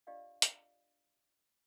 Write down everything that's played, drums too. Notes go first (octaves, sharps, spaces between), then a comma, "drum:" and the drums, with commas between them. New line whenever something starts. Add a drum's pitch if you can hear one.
D4 F4 G4 D5 D#5 F5
drum: hi-hat